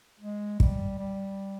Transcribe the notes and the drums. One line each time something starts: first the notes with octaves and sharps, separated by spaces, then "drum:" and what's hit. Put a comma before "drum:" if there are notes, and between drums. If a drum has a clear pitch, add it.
G#3
G3, drum: kick
G3